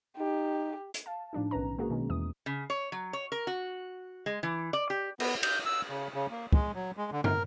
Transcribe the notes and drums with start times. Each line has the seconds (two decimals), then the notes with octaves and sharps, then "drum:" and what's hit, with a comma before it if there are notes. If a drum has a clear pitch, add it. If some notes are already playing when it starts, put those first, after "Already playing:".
0.18 D#4 G4
0.94 drum: hi-hat
1.06 F5 A5
1.33 A2 F3 D4 D#4
1.51 B1 D#3 C#4 B4 A#5
1.78 G#3 A#3 F#4 G#4
1.90 B2 D#3 G#3 C#4
2.09 E2 E3 D#6
2.46 C#3
2.70 C#5
2.92 F#3
3.13 C#5
3.32 A#4
3.47 F#4
4.26 G#3
4.43 E3
4.73 D5
4.90 G4
5.20 B3, drum: cymbal
5.43 G6, drum: cymbal
5.66 E6
5.89 C#3
6.14 C#3
6.31 A#3
6.53 G#3, drum: kick
6.75 F#3
6.97 G#3
7.12 D3
7.24 A#4, drum: tom